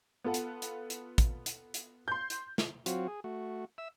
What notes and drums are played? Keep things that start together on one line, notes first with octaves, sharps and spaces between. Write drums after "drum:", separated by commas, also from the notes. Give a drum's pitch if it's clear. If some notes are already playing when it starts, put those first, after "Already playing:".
B3 F4 A4 B4 F#5
drum: hi-hat
drum: hi-hat
drum: hi-hat
drum: kick, hi-hat
drum: hi-hat
drum: hi-hat
C6 G6
drum: hi-hat
drum: snare
F#3 C4 F4 F#4, drum: hi-hat
G#4
A3 F#4
E5 E6